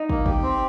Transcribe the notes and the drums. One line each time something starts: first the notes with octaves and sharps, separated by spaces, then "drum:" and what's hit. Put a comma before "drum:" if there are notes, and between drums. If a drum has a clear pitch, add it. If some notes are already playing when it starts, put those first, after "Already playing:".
Already playing: D#4
A#3, drum: kick
G4, drum: kick
C4